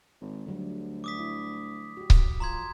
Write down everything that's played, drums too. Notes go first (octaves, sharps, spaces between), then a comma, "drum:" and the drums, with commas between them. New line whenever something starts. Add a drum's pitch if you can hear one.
G#1
D2 D3 F#3 G3
D6 D#6 B6
E4
F#4 G4
drum: kick C#1
F3 A#5 C6 G#6